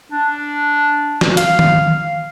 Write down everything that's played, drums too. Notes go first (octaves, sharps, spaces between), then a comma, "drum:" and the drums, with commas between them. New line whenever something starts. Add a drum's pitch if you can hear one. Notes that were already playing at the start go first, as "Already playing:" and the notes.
D4
drum: snare
F5, drum: hi-hat
drum: tom D#3